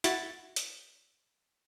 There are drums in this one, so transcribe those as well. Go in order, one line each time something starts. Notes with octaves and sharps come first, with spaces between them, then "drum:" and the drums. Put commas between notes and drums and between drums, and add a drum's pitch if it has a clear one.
E4 F#4 A6, drum: hi-hat
drum: hi-hat